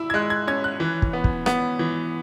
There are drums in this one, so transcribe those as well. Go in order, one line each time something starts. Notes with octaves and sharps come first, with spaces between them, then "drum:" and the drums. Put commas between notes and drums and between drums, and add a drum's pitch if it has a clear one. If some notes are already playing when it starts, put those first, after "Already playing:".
Already playing: E4 E6
G#6
G#3 F#6
G#6
C#4 G#6
F#6
E3
drum: kick
B3
drum: kick
B3, drum: rim click
E3